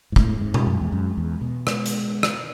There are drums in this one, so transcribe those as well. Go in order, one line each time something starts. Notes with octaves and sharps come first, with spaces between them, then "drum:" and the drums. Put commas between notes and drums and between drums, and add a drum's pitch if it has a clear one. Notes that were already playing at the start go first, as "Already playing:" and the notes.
G#2
A2 G#3, drum: kick
G#2
drum: tom B2
F#2
E2
F#2
E2
B2
G#3, drum: rim click
drum: hi-hat
drum: rim click